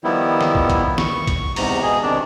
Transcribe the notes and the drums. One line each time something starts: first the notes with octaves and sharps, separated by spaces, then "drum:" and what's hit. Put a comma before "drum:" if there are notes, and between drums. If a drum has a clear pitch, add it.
D#3 F3 G3 B3 E4
drum: snare
drum: kick
drum: kick, hi-hat
C#6, drum: snare
drum: kick, hi-hat
E2 G#2 C3 A#5, drum: open hi-hat
B2 G#4
C3 D#3 D4